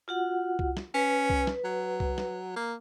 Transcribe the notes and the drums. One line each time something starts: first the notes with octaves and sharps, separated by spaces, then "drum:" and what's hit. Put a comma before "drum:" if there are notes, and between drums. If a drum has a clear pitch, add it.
F4 F#4 F#5
drum: kick C2
drum: snare
C#4 B4
drum: kick C2
drum: snare
F#3
drum: kick C2
drum: snare
A#3